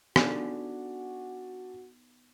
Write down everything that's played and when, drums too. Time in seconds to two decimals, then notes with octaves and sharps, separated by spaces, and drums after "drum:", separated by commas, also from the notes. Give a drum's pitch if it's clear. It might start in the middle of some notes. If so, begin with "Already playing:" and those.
0.16 B3 D4 D#4 F#4 A4 D5 G#5, drum: rim click